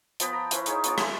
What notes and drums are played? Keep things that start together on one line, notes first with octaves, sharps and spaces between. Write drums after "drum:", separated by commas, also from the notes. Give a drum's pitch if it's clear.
F3 B3 G5 B5, drum: hi-hat
A#5
C#4 E4 B4 C5, drum: hi-hat
D#4 G#4 C#5 F5, drum: hi-hat
B3 C#4 F4 D5, drum: hi-hat
A4 E5 G#5, drum: rim click